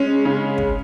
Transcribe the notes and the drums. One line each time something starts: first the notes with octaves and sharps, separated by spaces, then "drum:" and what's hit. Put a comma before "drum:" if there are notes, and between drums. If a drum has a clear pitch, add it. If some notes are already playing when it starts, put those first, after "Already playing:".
Already playing: G#3 C#4
C#3
drum: kick